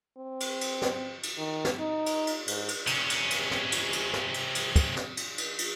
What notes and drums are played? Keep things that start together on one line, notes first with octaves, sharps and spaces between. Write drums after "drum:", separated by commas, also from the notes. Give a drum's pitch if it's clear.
C4
drum: cymbal
drum: cymbal
drum: snare
drum: cymbal
D#3
drum: snare
D#4
drum: cymbal
drum: cymbal
G#2, drum: cymbal
drum: cymbal
C3 C#4, drum: cymbal
drum: cymbal
drum: cymbal
drum: snare
drum: cymbal
drum: cymbal
drum: snare
drum: cymbal
drum: cymbal
drum: kick, cymbal
drum: snare
drum: cymbal
drum: cymbal
drum: cymbal